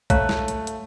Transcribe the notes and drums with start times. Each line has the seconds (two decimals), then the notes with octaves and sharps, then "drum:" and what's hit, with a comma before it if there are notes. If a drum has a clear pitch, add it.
0.10 A3 C#5 F5 A#5, drum: kick, hi-hat
0.29 drum: snare
0.48 drum: hi-hat
0.67 drum: hi-hat